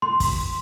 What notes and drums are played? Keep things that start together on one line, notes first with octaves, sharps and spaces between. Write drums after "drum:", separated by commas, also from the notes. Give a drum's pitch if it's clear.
C6
drum: kick, open hi-hat